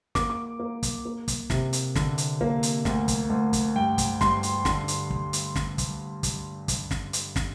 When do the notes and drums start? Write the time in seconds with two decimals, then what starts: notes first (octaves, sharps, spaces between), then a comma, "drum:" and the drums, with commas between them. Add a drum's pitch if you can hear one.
0.15 A#3 D6, drum: snare
0.30 D6
0.60 A#3
0.83 drum: kick, hi-hat
1.05 A#3
1.28 drum: kick, hi-hat
1.50 C3, drum: snare
1.73 drum: hi-hat
1.95 D3, drum: snare
2.18 drum: hi-hat
2.41 A#3, drum: kick
2.63 drum: hi-hat
2.85 D2, drum: snare
3.08 drum: kick, hi-hat
3.30 D2
3.53 drum: kick, hi-hat
3.75 G2 G5
3.98 drum: kick, hi-hat
4.21 G2 C6, drum: snare
4.43 drum: hi-hat
4.65 D3 C6, drum: snare
4.88 drum: hi-hat
5.10 drum: kick
5.33 drum: hi-hat
5.56 drum: snare
5.78 drum: kick, hi-hat
6.23 drum: kick, hi-hat
6.68 drum: kick, hi-hat
6.91 drum: snare
7.13 drum: hi-hat
7.36 drum: snare